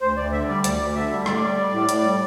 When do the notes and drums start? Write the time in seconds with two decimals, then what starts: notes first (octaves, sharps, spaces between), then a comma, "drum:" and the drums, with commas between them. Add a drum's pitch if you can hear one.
0.01 D2 C5
0.17 D2 D5
0.32 D3 E5
0.48 G3 D5
0.64 D2 D5, drum: hi-hat
0.80 D2
0.95 D3 E5
1.11 G3
1.26 A2 D5, drum: rim click
1.43 G3
1.57 G3
1.73 A2
1.89 A2, drum: hi-hat
2.05 G3